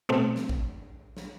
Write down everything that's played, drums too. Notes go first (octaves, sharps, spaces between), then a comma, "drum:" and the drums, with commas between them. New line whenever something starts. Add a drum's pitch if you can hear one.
B2 A3 C4
drum: snare
drum: kick G#1
drum: snare